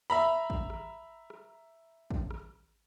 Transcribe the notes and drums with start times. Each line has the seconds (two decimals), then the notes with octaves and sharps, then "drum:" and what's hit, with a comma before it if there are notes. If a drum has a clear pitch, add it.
0.10 E5 A#5 B5
0.50 drum: kick
0.70 drum: rim click
1.30 drum: rim click
2.11 drum: kick
2.31 drum: rim click